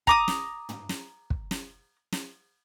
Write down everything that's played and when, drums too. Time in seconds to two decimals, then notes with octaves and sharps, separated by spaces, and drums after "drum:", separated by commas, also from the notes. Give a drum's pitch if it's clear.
0.07 A#5 D6 D#6, drum: kick
0.28 drum: snare
0.69 drum: tom
0.89 drum: snare
1.30 drum: kick
1.51 drum: snare
2.12 drum: snare